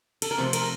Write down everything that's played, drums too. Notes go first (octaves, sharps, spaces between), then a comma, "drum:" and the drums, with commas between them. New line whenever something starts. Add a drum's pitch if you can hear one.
A4, drum: cymbal
A#4
C3 F3 A3 C5
A#4, drum: cymbal